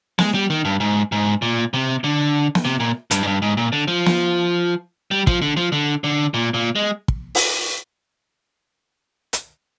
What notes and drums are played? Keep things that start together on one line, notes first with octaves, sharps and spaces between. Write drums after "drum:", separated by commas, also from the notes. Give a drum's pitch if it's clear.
G#3, drum: snare
G3
D#3
G2
G#2
G#2
A#2
C3
D3
drum: snare
C3
A#2
G2, drum: hi-hat
G#2
G2
G#2
A#2
D3
F3
drum: snare
G3
F3, drum: kick
D3
F3
D3
D3
A#2
A#2
G#3
drum: kick
drum: open hi-hat
drum: hi-hat